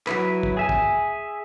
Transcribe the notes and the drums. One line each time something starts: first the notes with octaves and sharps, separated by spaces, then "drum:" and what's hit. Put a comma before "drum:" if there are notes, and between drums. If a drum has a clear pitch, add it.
F#3 E4 B4, drum: clap
drum: kick
G#4 E5 G#5
drum: kick